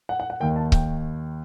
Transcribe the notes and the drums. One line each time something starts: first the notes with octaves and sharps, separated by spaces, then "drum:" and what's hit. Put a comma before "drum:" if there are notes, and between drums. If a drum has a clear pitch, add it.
F#5
F#5
F#5
D#2 D#3 G5
A5
G5, drum: kick C#1